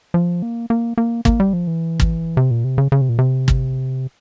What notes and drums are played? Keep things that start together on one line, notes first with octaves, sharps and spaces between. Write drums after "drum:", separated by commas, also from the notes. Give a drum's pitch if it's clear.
F3
A#3
A#3
A#3
A#3, drum: kick
G3
F3
E3
drum: kick
C3
A#2
C3
C#3
C#3
C3
A#2
C3
drum: kick